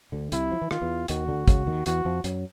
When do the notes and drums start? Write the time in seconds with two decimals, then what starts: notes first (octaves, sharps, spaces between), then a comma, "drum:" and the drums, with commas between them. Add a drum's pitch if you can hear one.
0.12 D2 D3
0.32 C2 C3 E4, drum: hi-hat
0.52 F3
0.62 E3
0.71 D#3 F4, drum: rim click
0.81 E2 E3
1.08 D#2 D#3 F#4, drum: hi-hat
1.28 D2 D3
1.48 C#2 C#3, drum: kick, hi-hat
1.67 D#2 D#3
1.86 E2 E3 F#4, drum: hi-hat
2.05 F2 F3
2.24 F#2 F#3, drum: hi-hat